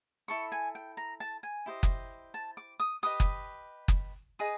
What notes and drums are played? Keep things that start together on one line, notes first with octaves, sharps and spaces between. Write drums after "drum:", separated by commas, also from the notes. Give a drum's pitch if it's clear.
E4 A4 C#6
G#5
G5
A#5
A5
G#5
E4 G4 C5 D#5
drum: kick F#1
A5
D6
D#6
G4 B4 D#5 D#6
drum: kick F#1
drum: kick F#1
G#4 B4 D#5 D#6